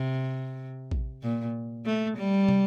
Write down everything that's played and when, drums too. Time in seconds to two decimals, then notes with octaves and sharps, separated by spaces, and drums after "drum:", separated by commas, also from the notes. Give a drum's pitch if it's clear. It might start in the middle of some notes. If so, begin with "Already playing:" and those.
Already playing: C3
0.91 drum: kick A#1
1.23 A#2
1.86 A3
2.17 G3
2.48 drum: tom